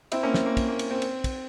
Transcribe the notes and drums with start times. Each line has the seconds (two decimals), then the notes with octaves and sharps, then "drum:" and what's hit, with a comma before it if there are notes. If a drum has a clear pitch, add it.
0.12 C4 E4, drum: cymbal
0.23 A#3 C#4
0.34 C4, drum: snare
0.46 A#3
0.57 drum: kick, cymbal
0.68 A#3
0.79 drum: cymbal
0.91 C4
1.02 drum: cymbal
1.24 drum: kick, cymbal